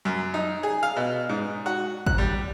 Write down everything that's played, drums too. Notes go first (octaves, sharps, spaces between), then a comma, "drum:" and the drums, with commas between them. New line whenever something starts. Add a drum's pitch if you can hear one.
F#2
D#4
G#4
F5
B2
G#2
F#4
F#6, drum: kick G#1
G3